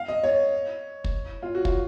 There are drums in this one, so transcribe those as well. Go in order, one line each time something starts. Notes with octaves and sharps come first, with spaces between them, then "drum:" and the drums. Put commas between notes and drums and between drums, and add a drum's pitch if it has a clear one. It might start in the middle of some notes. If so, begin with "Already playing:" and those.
Already playing: F5
D#5
C#5
drum: kick
F4
F#4
F4, drum: kick